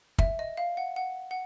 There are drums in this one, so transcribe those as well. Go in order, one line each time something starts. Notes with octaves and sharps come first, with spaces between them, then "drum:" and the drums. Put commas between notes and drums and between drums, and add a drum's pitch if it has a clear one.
E5, drum: kick
D#5
F5
F#5
F#5
F#5